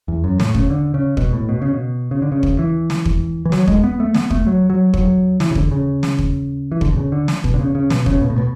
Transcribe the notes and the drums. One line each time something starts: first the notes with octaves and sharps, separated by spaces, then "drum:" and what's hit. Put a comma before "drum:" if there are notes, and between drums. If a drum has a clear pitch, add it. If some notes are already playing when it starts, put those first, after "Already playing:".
E2
F#2
A2, drum: snare
C#3, drum: kick
D3
C#3
B2, drum: kick
A2
B2
C#3
B2
C#3
D3
C#3
drum: kick
E3
drum: snare
drum: kick
E3
F#3, drum: snare
G#3, drum: kick
B3
A3
B3, drum: snare
A3, drum: kick
F#3
F#3
F#3, drum: kick
E3, drum: snare
C#3
D3, drum: kick
C#3
drum: snare
drum: kick
E3
D3, drum: kick
B2
C#3
D3
drum: snare
B2, drum: kick
D3
C#3
C#3
B2, drum: snare
C#3, drum: kick
B2
A2
B2